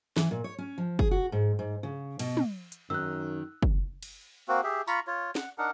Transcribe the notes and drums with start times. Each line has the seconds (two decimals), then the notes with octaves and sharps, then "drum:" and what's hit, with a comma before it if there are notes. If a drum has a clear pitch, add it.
0.17 E3, drum: snare
0.31 A#2
0.44 C#5
0.58 C#4
0.78 F3
0.99 G#4, drum: kick F#1
1.11 F#4
1.32 G#2
1.59 G#2
1.83 C#3
2.19 B2, drum: cymbal
2.37 drum: tom
2.72 drum: hi-hat
2.90 F#2 D#3 E6 F#6
3.63 drum: kick F#1
4.03 drum: cymbal
4.48 A#3 C4 F#4
4.64 G4 G#4 E5
4.88 F4 A#5 B5 C#6, drum: tambourine
5.07 F4 C#5
5.35 F#5, drum: snare
5.58 D4 D#4 A#4 F#5